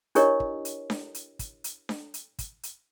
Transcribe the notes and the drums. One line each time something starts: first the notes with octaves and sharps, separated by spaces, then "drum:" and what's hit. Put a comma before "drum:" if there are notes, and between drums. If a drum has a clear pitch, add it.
D4 E4 G4 A#4 C#5 D#5, drum: hi-hat
drum: kick
drum: hi-hat
drum: snare D4
drum: hi-hat
drum: kick, hi-hat
drum: hi-hat
drum: snare D4
drum: hi-hat
drum: kick, hi-hat
drum: hi-hat